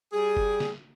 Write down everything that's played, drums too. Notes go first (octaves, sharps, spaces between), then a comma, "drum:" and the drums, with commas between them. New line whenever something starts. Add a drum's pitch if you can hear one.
G3 G#4
drum: kick F#1
drum: snare